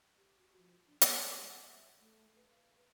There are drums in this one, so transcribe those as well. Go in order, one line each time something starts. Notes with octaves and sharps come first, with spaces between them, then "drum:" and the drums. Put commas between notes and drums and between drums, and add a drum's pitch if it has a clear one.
G4
F#4
F3
D4
F#4, drum: hi-hat
F#4
G3
E5
A3
B4
F5
B4